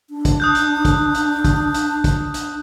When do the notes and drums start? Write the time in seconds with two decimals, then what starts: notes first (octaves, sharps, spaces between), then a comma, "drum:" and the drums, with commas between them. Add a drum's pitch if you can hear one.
0.10 D4
0.25 drum: kick, hi-hat
0.40 D#6 F#6 G6
0.55 drum: hi-hat
0.85 drum: kick, hi-hat
1.15 drum: hi-hat
1.45 drum: kick, hi-hat
1.74 drum: hi-hat
2.04 drum: kick, hi-hat
2.34 drum: hi-hat